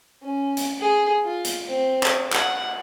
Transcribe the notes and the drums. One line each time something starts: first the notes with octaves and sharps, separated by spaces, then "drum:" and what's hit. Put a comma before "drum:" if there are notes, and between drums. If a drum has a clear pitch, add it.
C#4
drum: hi-hat
G#4
F4
drum: hi-hat
C4
drum: clap
F#5, drum: clap